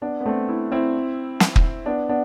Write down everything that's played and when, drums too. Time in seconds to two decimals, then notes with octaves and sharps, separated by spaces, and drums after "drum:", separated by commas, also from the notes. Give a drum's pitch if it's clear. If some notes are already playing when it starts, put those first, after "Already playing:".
0.02 B3 D4
0.21 B3
0.26 A3 C4
0.49 E4
0.72 C4 E4
1.40 drum: snare
1.56 drum: kick
1.86 B3 D4
2.09 B3 D4